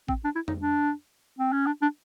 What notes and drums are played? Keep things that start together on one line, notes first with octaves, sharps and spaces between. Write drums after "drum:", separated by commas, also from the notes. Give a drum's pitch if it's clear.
C4, drum: kick
D4
E4
D#4, drum: tom F2
D4
C4
C#4
D4
D4